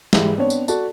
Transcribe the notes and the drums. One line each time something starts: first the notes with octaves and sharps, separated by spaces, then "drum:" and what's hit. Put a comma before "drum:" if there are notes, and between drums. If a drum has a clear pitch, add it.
G#2 E3 G3 G#3, drum: snare
B3 C4 D4 C#5
drum: tambourine
F#4 A4 D5 A5, drum: tambourine